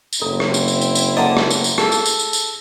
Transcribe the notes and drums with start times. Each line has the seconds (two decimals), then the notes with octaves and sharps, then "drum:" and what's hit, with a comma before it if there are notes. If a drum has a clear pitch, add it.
0.13 drum: tambourine
0.22 F#1 C4 E4 A4 A#5
0.40 drum: rim click
0.54 drum: tambourine
0.68 drum: tambourine
0.82 drum: tambourine
0.95 drum: tambourine
1.17 D3 A#3 D#5 F#5 A#5 D#6
1.37 drum: rim click
1.50 drum: tambourine
1.64 drum: tambourine
1.78 G#4 A4, drum: rim click
1.92 drum: tambourine
2.06 drum: tambourine
2.19 drum: tambourine
2.33 drum: tambourine